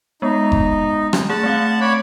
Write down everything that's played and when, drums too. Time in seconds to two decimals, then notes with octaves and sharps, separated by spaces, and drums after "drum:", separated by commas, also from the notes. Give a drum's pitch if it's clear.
0.22 G#3 B3 D#4
0.52 drum: kick F#1
1.13 drum: rim click
1.29 A3 G#4 F#5 A5
1.43 A3 C4 F5
1.81 C#5 D5 B5